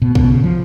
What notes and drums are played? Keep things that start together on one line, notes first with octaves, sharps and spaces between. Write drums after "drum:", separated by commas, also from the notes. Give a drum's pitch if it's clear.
B2
B2, drum: kick A#1
C#3
F3